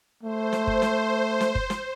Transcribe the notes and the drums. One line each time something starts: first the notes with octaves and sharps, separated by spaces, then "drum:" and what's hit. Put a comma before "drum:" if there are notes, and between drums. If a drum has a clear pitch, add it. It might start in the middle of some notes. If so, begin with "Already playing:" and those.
A3 C5
drum: snare
drum: kick
drum: snare
drum: snare
drum: kick
drum: snare